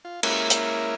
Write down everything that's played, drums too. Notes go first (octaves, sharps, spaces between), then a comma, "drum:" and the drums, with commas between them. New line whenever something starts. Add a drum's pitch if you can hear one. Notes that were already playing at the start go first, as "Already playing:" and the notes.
F4
G#3 A#3 C#4 E4 A#4 E5, drum: cymbal
drum: hi-hat